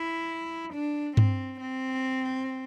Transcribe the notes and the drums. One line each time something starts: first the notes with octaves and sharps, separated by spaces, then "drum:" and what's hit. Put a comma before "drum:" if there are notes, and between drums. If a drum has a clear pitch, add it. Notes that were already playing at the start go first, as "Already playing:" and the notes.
Already playing: E4
D4
C4, drum: tom G2
C4